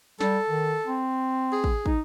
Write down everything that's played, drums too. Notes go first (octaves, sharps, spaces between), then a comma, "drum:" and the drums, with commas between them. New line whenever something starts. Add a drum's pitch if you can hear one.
G3 A4, drum: snare
D#3
C4
G#4
drum: kick
D#4, drum: kick